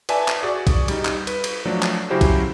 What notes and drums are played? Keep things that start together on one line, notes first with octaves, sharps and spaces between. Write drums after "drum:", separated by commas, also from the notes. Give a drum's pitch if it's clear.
B4 D5 E5 G#5 A5, drum: cymbal
drum: clap
F#4 G#4 D5
drum: kick A#1, cymbal
G3 D#4, drum: cymbal
drum: clap
B4, drum: cymbal
drum: cymbal
F3 F#3 A3 D4
drum: clap
C#3 F#3 C#4 E4 G4 C5
drum: kick A#1, cymbal